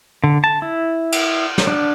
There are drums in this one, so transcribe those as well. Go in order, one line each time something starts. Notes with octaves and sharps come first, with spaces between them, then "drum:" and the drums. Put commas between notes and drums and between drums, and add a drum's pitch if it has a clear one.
D3
A5
E4
drum: cymbal
drum: snare
D4